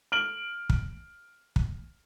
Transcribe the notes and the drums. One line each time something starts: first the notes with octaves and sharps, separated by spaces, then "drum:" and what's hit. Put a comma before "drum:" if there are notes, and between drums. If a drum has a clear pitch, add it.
F6 D7 F#7
drum: kick
drum: kick